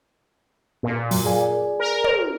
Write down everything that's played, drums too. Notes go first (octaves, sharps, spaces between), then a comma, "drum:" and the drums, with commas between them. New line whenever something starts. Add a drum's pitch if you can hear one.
A#2
F#2 F#3, drum: open hi-hat
G#4 D5 G#5
A#4
drum: tom